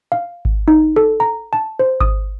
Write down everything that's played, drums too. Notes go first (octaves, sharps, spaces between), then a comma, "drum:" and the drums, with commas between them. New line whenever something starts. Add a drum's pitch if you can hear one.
F5
drum: kick G#1
D#4
A4
A#5
A5
C5
D#6, drum: kick G#1